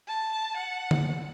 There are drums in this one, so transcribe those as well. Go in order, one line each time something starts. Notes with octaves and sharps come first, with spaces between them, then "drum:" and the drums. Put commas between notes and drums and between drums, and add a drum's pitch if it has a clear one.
A5
F#5
drum: tom D3